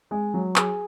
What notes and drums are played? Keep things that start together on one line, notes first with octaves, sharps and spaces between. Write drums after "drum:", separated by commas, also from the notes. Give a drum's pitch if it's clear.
G#3
F#3
G#4, drum: clap